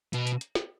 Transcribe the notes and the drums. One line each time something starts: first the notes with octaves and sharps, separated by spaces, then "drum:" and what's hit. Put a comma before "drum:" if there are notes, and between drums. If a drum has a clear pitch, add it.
B2, drum: hi-hat
drum: hi-hat
drum: hi-hat
drum: snare